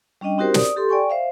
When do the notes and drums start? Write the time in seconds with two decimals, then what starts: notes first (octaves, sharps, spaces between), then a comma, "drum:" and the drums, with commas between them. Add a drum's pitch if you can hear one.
0.21 G3 C#4 D4 D#5 G5
0.38 C4 D#4 F#4 G4 A#4 C5
0.54 D5 D#6, drum: snare
0.76 G4 A4 C6
0.89 D5 G5 G#5 C#6
1.10 C5 E5 F5